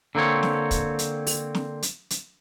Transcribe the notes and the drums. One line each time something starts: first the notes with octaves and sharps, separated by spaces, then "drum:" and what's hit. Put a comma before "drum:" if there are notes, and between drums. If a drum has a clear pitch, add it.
D3 A#3 C4 C#5
drum: snare
drum: kick, hi-hat
drum: hi-hat
drum: open hi-hat
drum: snare
drum: hi-hat
drum: hi-hat